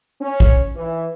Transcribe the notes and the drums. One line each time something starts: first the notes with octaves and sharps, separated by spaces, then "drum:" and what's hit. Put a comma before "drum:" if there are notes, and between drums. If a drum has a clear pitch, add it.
C#4
drum: kick
E3